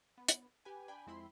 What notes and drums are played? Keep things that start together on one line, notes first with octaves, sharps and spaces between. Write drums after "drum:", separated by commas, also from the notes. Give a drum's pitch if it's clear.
B3
drum: hi-hat
G4 B4 G#5
D4 G5 G#5 B5
F2 G#3 C4 E4 B5 C6